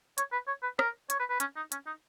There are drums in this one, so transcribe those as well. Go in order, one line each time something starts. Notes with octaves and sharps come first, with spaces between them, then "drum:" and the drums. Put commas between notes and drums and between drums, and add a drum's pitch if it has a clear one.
C#5, drum: hi-hat
B4
C#5
B4
A#4, drum: rim click
C#5, drum: hi-hat
B4
B4
C#4, drum: hi-hat
D#4
C#4, drum: hi-hat
D#4